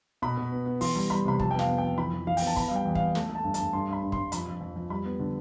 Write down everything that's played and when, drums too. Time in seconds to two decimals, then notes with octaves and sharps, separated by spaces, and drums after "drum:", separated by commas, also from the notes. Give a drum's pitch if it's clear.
0.22 B2 B5
0.37 B2
0.52 B3
0.66 B3
0.81 E3 C6, drum: open hi-hat
0.95 G3
1.10 G3 B5
1.25 C3 B5
1.40 F2 A5, drum: kick
1.51 B3 G5
1.59 F5, drum: snare
1.69 B3
1.78 G5
1.83 F2
1.98 E3 B5
2.13 E3
2.27 E3 F5
2.37 B3 G5, drum: open hi-hat
2.47 A5
2.56 B3 B5, drum: kick
2.68 F5
2.71 G3 G5
2.85 E2
2.95 B3 F5, drum: kick
3.15 A3, drum: snare
3.29 A3
3.35 A5
3.44 G2
3.54 G2 A5, drum: hi-hat
3.73 G2 C6
3.89 G2 B5
4.03 G2
4.12 C6, drum: kick
4.17 G2
4.32 F2 B5, drum: hi-hat
4.46 F2
4.61 F2
4.76 F2
4.90 G3 B5
5.05 B3
5.20 D3